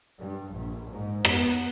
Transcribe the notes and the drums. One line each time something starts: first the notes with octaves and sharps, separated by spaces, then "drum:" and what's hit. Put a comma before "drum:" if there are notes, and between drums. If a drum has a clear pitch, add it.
G2
A#1
G#2
B3, drum: rim click